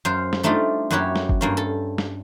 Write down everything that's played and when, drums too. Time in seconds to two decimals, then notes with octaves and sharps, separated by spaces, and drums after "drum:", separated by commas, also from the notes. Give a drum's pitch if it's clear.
0.05 F#2 C5 F5
0.33 drum: snare
0.43 G3 A3 D4 D#4 F4
0.91 F#2 A#3 E4 F#4 G4 C#5
1.16 drum: snare
1.29 drum: kick F#1
1.41 G2 A#3 C#4
1.57 A4
1.98 drum: snare